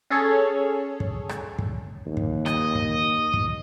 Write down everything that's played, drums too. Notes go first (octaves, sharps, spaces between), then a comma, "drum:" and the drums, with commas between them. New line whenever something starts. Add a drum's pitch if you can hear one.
C#4 G#4 A4 C#5
drum: kick
drum: rim click
drum: kick
D#2
drum: kick
D#5, drum: rim click
drum: kick
drum: kick